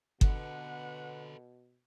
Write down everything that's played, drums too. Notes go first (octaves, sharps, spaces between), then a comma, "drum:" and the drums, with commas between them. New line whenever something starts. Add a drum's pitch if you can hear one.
B2 D3 B3 A4 B4 F#5, drum: kick G1